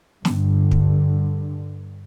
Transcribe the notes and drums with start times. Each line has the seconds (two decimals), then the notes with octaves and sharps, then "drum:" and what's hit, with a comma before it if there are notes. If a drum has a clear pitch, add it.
0.25 G2 D3, drum: snare
0.71 drum: kick